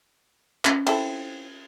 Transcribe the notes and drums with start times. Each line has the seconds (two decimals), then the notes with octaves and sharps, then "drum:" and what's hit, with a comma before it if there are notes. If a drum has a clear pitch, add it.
0.65 C#4, drum: clap
0.87 C4 E4 A4, drum: cymbal